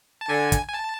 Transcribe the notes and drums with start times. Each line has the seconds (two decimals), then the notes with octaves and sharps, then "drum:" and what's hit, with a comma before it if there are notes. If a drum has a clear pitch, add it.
0.21 A5
0.29 D3 G#5
0.52 drum: kick, hi-hat
0.69 G#5
0.74 A5